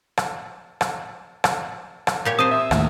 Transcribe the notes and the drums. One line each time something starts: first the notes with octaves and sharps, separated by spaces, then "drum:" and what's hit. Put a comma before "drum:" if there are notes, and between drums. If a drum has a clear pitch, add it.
drum: rim click
drum: rim click
drum: rim click
drum: rim click
A#2 G4 C#5
C4 C5 A5 D#6 D#7
E5
D#2 A2, drum: rim click